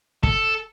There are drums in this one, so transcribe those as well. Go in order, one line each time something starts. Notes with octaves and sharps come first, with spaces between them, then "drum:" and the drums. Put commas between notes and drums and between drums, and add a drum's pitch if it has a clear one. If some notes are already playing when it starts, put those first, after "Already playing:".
A4, drum: kick